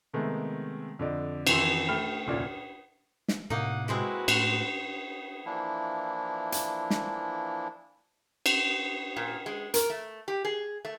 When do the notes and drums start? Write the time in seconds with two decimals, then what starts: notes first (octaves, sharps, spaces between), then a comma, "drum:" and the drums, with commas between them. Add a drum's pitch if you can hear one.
0.13 C3 D#3 G#3 A3 B3
0.99 F2 D3 D5 D#5
1.47 F2 D#3 E3 E4 C6, drum: cymbal
1.89 A3 G5 B5 F6
2.27 F1 D2 A#2 C#4 D5
3.28 drum: snare
3.50 A2 C3 A#3 D#4 F#5
3.88 G#3 C4 E4 F#4 B4
4.28 A2 F#5, drum: cymbal
5.46 E3 F3 A#3 D4 E4
6.52 drum: hi-hat
6.90 drum: snare
8.46 drum: cymbal
9.16 A#2
9.46 G#3
9.74 A#4, drum: hi-hat
9.90 A3
10.28 G4
10.45 G#4
10.85 A3